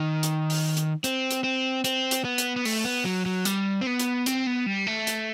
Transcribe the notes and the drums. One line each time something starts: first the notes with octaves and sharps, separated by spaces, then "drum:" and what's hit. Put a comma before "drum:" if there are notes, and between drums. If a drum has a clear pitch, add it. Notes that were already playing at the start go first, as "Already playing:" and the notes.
Already playing: D#3
drum: hi-hat
drum: open hi-hat
drum: hi-hat
C4, drum: hi-hat
drum: hi-hat
C4
C4, drum: hi-hat
drum: hi-hat
B3
drum: hi-hat
B3
A3, drum: open hi-hat
B3
F#3
F#3
G3, drum: hi-hat
C4
B3
drum: hi-hat
C4, drum: hi-hat
B3
G3
A3
drum: hi-hat